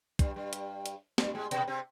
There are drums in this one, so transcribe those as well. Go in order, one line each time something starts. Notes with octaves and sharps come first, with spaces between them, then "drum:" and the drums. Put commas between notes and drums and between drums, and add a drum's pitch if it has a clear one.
G2 G3, drum: kick, hi-hat
G2 G3
drum: hi-hat
drum: hi-hat
G2 G3, drum: snare
G#2 G#3
B2 B3, drum: hi-hat
C3 C4